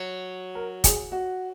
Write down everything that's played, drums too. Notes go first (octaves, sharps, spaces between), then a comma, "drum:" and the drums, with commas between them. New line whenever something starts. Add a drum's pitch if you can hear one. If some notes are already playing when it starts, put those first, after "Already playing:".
Already playing: F#3
A#4
G#4, drum: kick, hi-hat
F#4